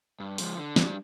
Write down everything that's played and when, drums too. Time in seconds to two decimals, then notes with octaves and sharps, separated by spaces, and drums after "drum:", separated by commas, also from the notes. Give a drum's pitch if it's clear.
0.20 G2
0.38 D3 F3 G#3, drum: open hi-hat
0.57 D3
0.76 G3 D4, drum: snare